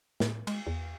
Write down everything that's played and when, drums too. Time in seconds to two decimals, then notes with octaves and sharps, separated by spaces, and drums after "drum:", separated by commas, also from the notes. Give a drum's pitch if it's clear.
0.20 A2, drum: snare
0.47 G#3, drum: cymbal
0.67 E2